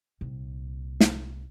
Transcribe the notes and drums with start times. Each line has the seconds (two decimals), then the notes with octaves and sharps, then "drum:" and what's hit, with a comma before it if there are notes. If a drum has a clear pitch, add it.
0.21 C2 A#2
1.00 drum: snare